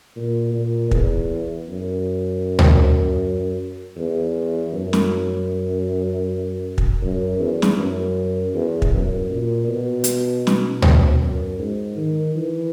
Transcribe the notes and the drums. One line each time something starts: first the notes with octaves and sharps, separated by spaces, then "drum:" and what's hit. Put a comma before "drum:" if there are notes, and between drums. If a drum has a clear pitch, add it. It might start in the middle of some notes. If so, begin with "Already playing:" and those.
A#2
A#2
E2, drum: kick
F#2
drum: tom D2
E2
F#2
drum: snare
drum: kick
F#2
E2
drum: snare
F#2
E2
drum: kick
F#2
A#2
B2
drum: hi-hat
drum: snare
B2, drum: tom D2
F#2
G#2
D#3
E3